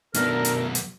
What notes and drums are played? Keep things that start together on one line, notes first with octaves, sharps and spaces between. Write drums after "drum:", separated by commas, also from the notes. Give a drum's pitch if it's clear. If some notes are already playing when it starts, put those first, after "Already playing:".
B1 F#2 B2 D4 A4 A#4, drum: hi-hat
drum: hi-hat
drum: hi-hat